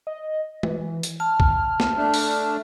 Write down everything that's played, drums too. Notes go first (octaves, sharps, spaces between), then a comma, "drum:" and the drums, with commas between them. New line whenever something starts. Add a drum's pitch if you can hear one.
D#5
E3, drum: tom G#3
drum: hi-hat
A5 F6
drum: kick C2
drum: snare
A3 D4
drum: open hi-hat